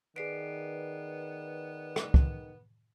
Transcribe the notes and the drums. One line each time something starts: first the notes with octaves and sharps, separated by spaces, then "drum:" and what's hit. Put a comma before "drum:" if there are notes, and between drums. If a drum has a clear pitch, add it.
D#3 B3 G#4 B4 D5 C7 D7
drum: rim click
drum: kick